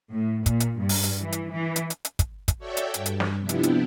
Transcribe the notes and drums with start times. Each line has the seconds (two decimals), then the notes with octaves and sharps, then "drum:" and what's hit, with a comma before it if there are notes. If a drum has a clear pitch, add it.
0.12 A2
0.46 A#2, drum: kick, hi-hat
0.60 drum: hi-hat
0.79 G2
0.89 drum: open hi-hat
1.04 drum: hi-hat
1.23 E3
1.32 drum: hi-hat
1.52 E3
1.76 drum: hi-hat
1.90 drum: hi-hat
2.05 drum: hi-hat
2.19 drum: kick, hi-hat
2.48 drum: kick, hi-hat
2.58 F#4 A4 C#5 D5 E5 G5
2.77 drum: hi-hat
2.94 G2, drum: hi-hat
3.06 drum: hi-hat
3.20 drum: snare
3.39 C3 F3 B3 D4 E4 G4
3.49 drum: hi-hat
3.63 drum: hi-hat